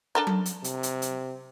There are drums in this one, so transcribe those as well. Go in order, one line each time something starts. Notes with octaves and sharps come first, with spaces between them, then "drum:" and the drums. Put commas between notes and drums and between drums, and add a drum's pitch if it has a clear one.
D4 A4 A#4
drum: tom F#3
drum: hi-hat
C3, drum: hi-hat
drum: hi-hat
drum: hi-hat